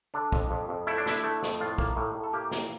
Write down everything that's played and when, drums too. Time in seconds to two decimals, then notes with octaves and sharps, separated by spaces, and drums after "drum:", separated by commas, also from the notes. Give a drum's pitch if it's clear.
0.14 D3 D4
0.32 F2, drum: kick
0.51 F2
0.69 F2
0.87 A3 E4
0.98 D4
1.06 D3 E4, drum: snare
1.24 A3
1.43 F2, drum: snare
1.60 A2 F4
1.78 A#3, drum: kick
1.96 A2
2.15 A2
2.24 A4
2.33 A#3 G4
2.51 A1, drum: snare